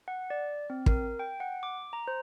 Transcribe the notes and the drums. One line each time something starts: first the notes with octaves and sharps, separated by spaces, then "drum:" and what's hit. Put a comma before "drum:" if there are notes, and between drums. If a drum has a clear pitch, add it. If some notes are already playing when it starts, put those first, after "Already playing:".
F#5
D5
C4
A#4, drum: kick
G5
F#5
D6
A#5
C5